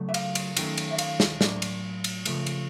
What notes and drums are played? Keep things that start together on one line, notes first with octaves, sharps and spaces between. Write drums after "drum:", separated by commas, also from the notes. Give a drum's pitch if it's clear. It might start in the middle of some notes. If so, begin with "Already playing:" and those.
Already playing: C#3 F#3 A3
E5
F5, drum: cymbal
drum: cymbal
D#3 F#3 A3 C#4, drum: cymbal
drum: cymbal
E5
F5, drum: cymbal
drum: snare
A2 F#3 A#3 D4, drum: snare
drum: cymbal
drum: cymbal
C#3 F3 A3, drum: cymbal
drum: cymbal